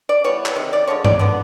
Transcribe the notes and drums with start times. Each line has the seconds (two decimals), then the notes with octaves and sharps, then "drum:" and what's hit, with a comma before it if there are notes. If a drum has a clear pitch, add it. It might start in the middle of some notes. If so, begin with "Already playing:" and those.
0.09 D5
0.24 E3 G3 B3 C#5
0.46 drum: clap
0.56 C3 D#3
0.73 D5
0.87 D3 F3 G#3 C#5
1.05 D5, drum: tom G2
1.19 D3 G3 B3 D5